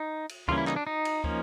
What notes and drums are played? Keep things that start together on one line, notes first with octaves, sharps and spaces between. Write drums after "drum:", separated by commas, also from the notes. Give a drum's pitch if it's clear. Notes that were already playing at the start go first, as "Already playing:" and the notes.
Already playing: D#4
drum: cymbal
C#3 E3 G3 A#3 C#4 F4, drum: kick
E4
D#4, drum: clap
D4
D#4
drum: cymbal
F3 A#3 C#4, drum: kick